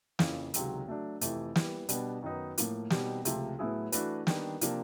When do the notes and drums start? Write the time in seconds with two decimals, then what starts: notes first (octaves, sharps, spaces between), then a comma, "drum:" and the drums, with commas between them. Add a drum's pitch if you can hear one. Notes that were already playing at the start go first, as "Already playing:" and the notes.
0.19 F2 C#3 E3, drum: snare
0.54 C#2 C3 D#3 F#3, drum: hi-hat
0.87 F#3 A3 D4
1.21 F2 C3 E3 A3, drum: hi-hat
1.56 E3 G3 B3, drum: snare
1.89 B2 G3 B3 D4, drum: hi-hat
2.23 F#2 D#3 F#3 B3 D#4
2.58 A2 F3 A#3, drum: hi-hat
2.90 B2 G3 C4 D#4 G4, drum: snare
3.25 C#2 C3 F3 A3, drum: hi-hat
3.59 A2 F#3 B3 E4 G#4
3.92 E3 A3 D4 F#4 B4, drum: hi-hat
4.27 D#3 G3 B3 D4, drum: snare
4.61 C3 F3 A#3 D4, drum: hi-hat